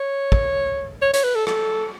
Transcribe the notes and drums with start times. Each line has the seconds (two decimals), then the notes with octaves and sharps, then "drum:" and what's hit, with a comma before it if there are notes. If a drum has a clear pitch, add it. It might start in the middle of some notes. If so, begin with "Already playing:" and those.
Already playing: C#5
0.32 drum: kick
1.02 C#5
1.14 C#5, drum: hi-hat
1.24 B4
1.35 A4
1.47 A4, drum: rim click